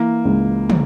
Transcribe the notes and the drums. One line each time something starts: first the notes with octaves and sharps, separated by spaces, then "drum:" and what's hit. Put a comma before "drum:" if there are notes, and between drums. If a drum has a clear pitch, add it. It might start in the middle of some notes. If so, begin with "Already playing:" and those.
Already playing: E3 A#3
C#2
drum: tom